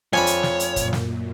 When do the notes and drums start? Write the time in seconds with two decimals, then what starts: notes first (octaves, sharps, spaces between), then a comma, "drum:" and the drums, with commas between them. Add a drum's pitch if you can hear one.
0.13 F2 D4 C#5 G#5 B5
0.27 drum: hi-hat
0.43 drum: snare
0.60 drum: hi-hat
0.76 F#2 A#2, drum: kick, hi-hat
0.93 drum: snare